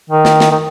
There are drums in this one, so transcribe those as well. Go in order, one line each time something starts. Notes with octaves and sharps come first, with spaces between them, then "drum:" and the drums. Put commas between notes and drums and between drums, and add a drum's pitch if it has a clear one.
D#3
drum: snare
drum: snare
D#3